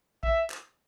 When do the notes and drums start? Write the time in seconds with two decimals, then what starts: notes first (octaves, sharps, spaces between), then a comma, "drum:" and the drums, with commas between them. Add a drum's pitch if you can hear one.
0.23 E5, drum: kick
0.50 drum: clap